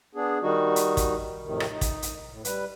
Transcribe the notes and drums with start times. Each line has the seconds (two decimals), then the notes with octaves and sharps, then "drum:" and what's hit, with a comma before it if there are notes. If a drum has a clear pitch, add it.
0.15 B3 D4 G#4
0.42 D#3 G3 D#4 F#4
0.76 drum: hi-hat
0.97 drum: kick, hi-hat
1.44 F2 A2 C3 D#3
1.60 drum: rim click
1.72 D#4
1.81 drum: kick, hi-hat
2.02 drum: hi-hat
2.30 A2
2.45 G3 B4, drum: hi-hat